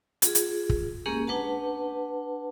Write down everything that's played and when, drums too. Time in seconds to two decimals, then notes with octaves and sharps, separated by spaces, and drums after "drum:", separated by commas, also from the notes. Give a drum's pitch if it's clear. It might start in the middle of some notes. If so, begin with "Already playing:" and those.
0.22 F4 G#4, drum: hi-hat
0.35 drum: hi-hat
0.69 drum: kick
1.06 G#3 A#3 C#4 G4 G#4 A#4
1.27 D4 B4 F#5 A5